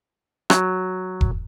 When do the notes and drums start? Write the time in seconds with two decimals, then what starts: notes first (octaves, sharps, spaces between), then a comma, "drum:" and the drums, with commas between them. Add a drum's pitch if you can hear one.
0.50 F#3, drum: rim click
1.21 drum: kick E1